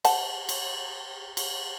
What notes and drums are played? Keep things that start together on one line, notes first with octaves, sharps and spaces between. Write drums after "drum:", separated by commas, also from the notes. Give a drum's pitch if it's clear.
C5 F#5 A5, drum: cymbal
drum: cymbal
drum: cymbal